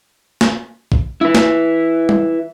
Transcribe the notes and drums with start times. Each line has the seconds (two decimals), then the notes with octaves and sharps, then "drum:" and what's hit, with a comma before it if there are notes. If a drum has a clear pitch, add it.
0.41 drum: snare
0.92 drum: kick
1.21 E4 B4
1.35 drum: snare
2.09 drum: tom G3